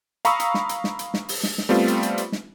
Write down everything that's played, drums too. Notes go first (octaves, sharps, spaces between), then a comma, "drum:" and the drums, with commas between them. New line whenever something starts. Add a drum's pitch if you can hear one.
F5 A#5 B5 C#6 D#6 E6, drum: hi-hat
drum: hi-hat
drum: snare
drum: hi-hat
drum: snare
drum: hi-hat
drum: snare
drum: open hi-hat
drum: snare
drum: snare
G3 A3 B3 C4 F4
drum: hi-hat
drum: hi-hat
drum: hi-hat
drum: snare